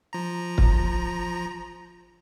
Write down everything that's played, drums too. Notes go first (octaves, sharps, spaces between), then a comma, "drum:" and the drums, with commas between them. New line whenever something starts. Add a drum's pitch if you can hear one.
F3 A#5
drum: kick